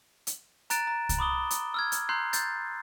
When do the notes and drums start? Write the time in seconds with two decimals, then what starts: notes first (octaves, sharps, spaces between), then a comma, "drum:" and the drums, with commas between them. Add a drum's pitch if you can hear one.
0.27 drum: hi-hat
0.70 A#5 F#6 A6 D7 E7, drum: hi-hat
0.87 A#5
1.09 drum: kick C2, hi-hat
1.19 B5 D6 D#6 G7
1.51 drum: hi-hat
1.74 E6 F6 G#6
1.92 drum: hi-hat
2.09 A#5 C6 E6 F#6 G6 C7
2.33 G6 A6, drum: hi-hat